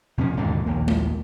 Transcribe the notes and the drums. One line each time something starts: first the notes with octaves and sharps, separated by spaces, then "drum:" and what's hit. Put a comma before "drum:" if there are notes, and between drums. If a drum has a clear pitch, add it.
E2 C3 F3 C#4
D#2 G#2 B2 D3
A#1 D#2 A#3
drum: tom G#3